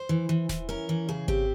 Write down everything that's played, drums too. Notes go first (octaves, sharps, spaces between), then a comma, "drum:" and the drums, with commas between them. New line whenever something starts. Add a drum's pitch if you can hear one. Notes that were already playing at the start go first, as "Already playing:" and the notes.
Already playing: C5
E3
E3
E3, drum: snare D#1
C#4 A#4
E3
C#3 G#4
C4 G4, drum: kick G#1